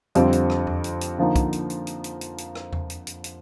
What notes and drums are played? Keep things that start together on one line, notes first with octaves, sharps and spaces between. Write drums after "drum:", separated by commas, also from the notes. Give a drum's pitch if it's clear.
F2 D3 G3 C4 F4, drum: hi-hat
drum: hi-hat
drum: rim click
drum: tom E2
drum: hi-hat
drum: hi-hat
D3 F3 A#3 D#4
drum: kick, hi-hat
drum: hi-hat
drum: hi-hat
drum: hi-hat
drum: hi-hat
drum: hi-hat
drum: hi-hat
drum: rim click
drum: tom E2
drum: hi-hat
drum: hi-hat
drum: hi-hat